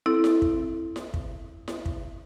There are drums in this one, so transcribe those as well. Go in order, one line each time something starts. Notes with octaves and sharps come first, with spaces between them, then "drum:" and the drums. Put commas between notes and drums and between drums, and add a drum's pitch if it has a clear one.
C4 E4 A4
drum: snare E4
drum: kick
drum: snare E4
drum: kick
drum: snare E4
drum: kick